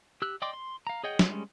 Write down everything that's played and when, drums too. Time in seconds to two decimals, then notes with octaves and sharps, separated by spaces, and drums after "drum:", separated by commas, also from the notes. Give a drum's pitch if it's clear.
0.22 G4 E6 F#6
0.42 D5 D#5 G5 C6 D6
0.53 C6
0.87 F5 A#5
1.04 G#4 C#5 D#5 F#5 G5
1.19 G3 G#3 C#4, drum: snare